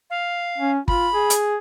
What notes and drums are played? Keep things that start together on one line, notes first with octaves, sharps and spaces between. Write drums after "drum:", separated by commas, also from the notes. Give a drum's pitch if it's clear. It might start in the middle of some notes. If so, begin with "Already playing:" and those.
F5
C#4
F4 B5, drum: kick
G#4
drum: hi-hat